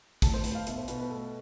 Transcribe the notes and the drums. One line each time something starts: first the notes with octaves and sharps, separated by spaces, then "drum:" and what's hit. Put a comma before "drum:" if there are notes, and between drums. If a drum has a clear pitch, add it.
A2 A5, drum: kick, hi-hat
C5
A2 B4, drum: hi-hat
F5
B2 E5, drum: hi-hat
C5
B2 B4, drum: hi-hat
B4
A2 A4